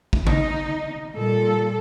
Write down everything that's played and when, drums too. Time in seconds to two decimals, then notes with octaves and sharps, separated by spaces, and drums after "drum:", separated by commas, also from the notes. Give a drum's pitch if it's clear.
0.13 drum: kick
0.27 D#4, drum: tom C#3
1.15 A#2 G3 A4